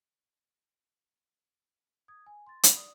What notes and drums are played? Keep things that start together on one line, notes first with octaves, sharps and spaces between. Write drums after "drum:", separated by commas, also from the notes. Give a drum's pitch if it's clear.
D#6 G#6
G#5
C6 A6
B5, drum: hi-hat
D5 D#6